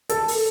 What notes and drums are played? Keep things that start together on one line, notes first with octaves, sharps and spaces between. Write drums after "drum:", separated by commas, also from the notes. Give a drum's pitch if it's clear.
A4, drum: hi-hat
drum: open hi-hat